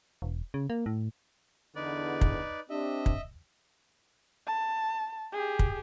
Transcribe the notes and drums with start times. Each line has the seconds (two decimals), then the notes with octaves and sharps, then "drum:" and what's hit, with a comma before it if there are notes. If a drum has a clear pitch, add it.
0.22 E1
0.54 C#3
0.70 A#3
0.86 A2
1.76 E2 D3 D#4 B4 D5
2.21 drum: kick
2.70 C4 D4 G4 D#5 E5
3.06 drum: kick
4.47 A5
5.33 G4 G#4
5.59 drum: kick